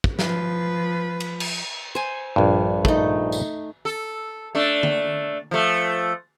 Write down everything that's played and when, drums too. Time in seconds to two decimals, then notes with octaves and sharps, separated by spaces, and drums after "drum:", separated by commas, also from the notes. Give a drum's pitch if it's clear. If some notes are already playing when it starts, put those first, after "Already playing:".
0.04 drum: kick
0.19 F3 B4, drum: snare
1.20 drum: cymbal
1.40 drum: cymbal
1.95 C5 G#5
2.36 A#1 G2
2.85 A3 D#4, drum: kick
3.32 drum: tambourine
3.85 A4
4.55 A3 D4
4.83 drum: tom D3
5.51 F3 A3